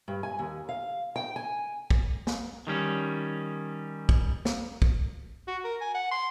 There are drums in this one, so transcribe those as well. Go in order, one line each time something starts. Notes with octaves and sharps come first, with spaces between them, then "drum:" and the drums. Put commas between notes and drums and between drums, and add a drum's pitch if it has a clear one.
G2
G#5
D#2
F5
G5
G#5
drum: kick
drum: snare
D#3 G3 C#4
drum: kick
drum: snare
drum: kick
F#4
A#4
G#5
F#5
C6